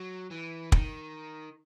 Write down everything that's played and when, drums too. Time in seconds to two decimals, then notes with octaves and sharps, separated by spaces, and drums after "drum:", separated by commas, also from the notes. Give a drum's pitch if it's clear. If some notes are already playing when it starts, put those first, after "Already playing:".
Already playing: F#3
0.31 E3
0.72 D#3, drum: kick